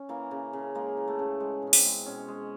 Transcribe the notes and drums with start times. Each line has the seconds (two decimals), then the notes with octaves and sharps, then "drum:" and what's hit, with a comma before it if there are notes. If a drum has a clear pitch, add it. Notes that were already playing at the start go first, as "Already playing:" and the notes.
Already playing: C#4
0.09 E3 A#3
0.31 C#3
0.53 C#3
0.75 G#3 A#3
0.97 E3
1.08 A3
1.19 C#3
1.40 G#3
1.62 B2 C#4
1.73 C4, drum: open hi-hat
1.84 G#3
2.06 B2 C#4
2.28 G#3